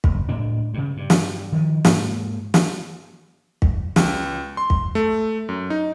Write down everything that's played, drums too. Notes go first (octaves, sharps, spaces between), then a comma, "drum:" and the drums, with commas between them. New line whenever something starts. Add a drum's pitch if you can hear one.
F#1, drum: kick
D2 A2 G#3 D4
G2 C#3
G2
drum: snare
D#3 F3
G#2 A#3, drum: snare
drum: snare
drum: kick
C#2, drum: snare
C6
drum: kick
A3
F#2
D#4